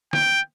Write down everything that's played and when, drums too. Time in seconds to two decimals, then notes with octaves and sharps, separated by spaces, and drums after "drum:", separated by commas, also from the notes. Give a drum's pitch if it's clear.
0.13 G5, drum: snare